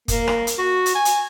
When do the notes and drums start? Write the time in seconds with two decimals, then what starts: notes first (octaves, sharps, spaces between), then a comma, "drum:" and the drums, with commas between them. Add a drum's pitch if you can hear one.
0.08 A#3, drum: kick F#1, hi-hat
0.28 drum: rim click
0.47 drum: hi-hat
0.58 F#4
0.86 drum: hi-hat
0.95 G#5
1.05 drum: hi-hat